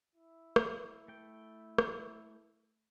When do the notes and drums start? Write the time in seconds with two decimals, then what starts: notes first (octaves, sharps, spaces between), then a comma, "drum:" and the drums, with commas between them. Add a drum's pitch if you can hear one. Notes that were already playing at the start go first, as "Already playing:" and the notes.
0.15 E4
0.56 drum: rim click
1.08 A3 G5
1.78 drum: rim click